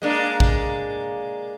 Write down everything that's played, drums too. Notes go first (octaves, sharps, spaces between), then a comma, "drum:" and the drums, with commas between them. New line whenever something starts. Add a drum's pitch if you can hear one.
G#3 A#3 D4
drum: kick